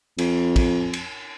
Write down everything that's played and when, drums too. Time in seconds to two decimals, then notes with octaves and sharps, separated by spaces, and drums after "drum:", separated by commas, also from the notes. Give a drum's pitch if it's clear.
0.18 F2, drum: cymbal
0.56 drum: kick, cymbal
0.93 drum: cymbal